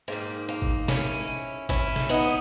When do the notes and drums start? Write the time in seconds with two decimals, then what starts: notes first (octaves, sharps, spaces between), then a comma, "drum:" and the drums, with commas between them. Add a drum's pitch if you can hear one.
0.08 G#2 D#3 A#3
0.49 A#3
0.62 drum: kick
0.88 C#4 E4, drum: snare
1.69 C#4 E4, drum: kick
1.96 drum: snare
2.09 B3 D#4